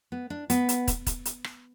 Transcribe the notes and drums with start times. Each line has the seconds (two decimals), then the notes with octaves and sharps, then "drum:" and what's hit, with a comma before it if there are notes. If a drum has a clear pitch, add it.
0.12 B3
0.30 D4
0.50 B3, drum: hi-hat
0.69 drum: hi-hat
0.88 drum: kick, hi-hat
1.07 drum: kick, hi-hat
1.25 drum: hi-hat
1.44 drum: rim click